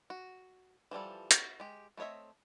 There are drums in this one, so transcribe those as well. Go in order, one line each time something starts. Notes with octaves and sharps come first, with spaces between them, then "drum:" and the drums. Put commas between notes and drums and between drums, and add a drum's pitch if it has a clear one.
F#4
E3 F3 G3 A4
F#4, drum: hi-hat
G#3 G4
A3 C4 C#5 D#5 E5